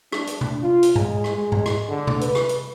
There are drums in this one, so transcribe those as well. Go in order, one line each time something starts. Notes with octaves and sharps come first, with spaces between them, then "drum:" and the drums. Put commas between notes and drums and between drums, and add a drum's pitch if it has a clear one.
D4, drum: rim click
drum: hi-hat
drum: tom C3
F4
drum: hi-hat
G#3, drum: tom G#2
drum: rim click
G#3
drum: tom G#2
drum: rim click
D3
drum: tom C3
B4, drum: hi-hat
drum: rim click
drum: hi-hat